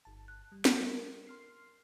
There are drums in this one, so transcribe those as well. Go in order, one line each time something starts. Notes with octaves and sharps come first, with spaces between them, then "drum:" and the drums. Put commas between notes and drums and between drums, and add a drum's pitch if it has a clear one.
G1 A5
F#6
G3
drum: snare
A#4
C6 F6 C7